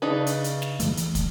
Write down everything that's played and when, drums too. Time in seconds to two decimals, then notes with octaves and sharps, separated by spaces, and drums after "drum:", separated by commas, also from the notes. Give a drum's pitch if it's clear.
0.02 C#3 D4 D#4 B4
0.27 drum: hi-hat
0.44 drum: hi-hat
0.62 drum: snare
0.80 F2 E3 A3, drum: hi-hat
0.97 drum: hi-hat
1.15 drum: kick, hi-hat